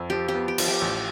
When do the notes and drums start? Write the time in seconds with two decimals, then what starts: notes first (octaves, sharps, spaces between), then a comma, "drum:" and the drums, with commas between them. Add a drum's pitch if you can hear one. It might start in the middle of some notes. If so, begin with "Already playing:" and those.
Already playing: F2
0.10 F3 G4
0.28 G4
0.35 B3
0.48 G4
0.58 F3, drum: cymbal
0.68 G4
0.81 A1